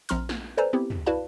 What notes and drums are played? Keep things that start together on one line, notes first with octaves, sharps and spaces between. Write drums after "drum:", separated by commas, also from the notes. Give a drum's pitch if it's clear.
A#1 F3 C4 A#5 C6 F6, drum: hi-hat
drum: snare
A4 B4 C5 D5 G#5 A#5
B3 C4 E4 G4
drum: tom
E4 F#4 B4 D5 F5 A5